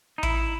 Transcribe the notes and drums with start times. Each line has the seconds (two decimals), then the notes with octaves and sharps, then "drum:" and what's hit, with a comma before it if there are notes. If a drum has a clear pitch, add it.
0.18 D#4
0.23 E4, drum: kick A1, hi-hat